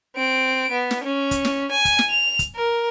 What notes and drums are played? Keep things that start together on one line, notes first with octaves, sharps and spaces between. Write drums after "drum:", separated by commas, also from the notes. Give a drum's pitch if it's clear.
C4 D7
B3
drum: snare
C#4
drum: kick, hi-hat
drum: snare
G#5
drum: kick, hi-hat
drum: snare
F7
drum: kick, hi-hat
A#4